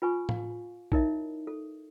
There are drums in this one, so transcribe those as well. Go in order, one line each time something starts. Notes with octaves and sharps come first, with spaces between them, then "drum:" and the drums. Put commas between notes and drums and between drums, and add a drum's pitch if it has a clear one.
F4 B4 G#5 C#6
F5, drum: tom A2
D#4 E4 A#4 C#5 D#5 E5, drum: kick
A4